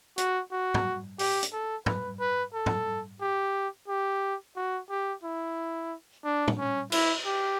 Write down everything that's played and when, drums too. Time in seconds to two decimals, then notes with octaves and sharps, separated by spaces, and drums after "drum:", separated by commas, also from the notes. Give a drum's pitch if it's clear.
0.18 F#4, drum: hi-hat
0.52 F#4
0.74 drum: tom
1.19 G4, drum: open hi-hat
1.43 drum: hi-hat
1.53 A4
1.86 B4, drum: tom
2.20 B4
2.54 A4
2.66 drum: tom
3.21 G4
3.88 G4
4.57 F#4
4.90 G4
5.23 E4
6.24 D4
6.48 drum: tom
6.58 C#4
6.92 E4, drum: cymbal
7.26 G4